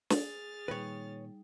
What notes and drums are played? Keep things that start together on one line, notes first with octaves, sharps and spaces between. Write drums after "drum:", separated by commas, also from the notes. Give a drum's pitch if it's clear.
G#4 F6 A6, drum: snare
A#2 D#3 G3 D#4 B4 C#5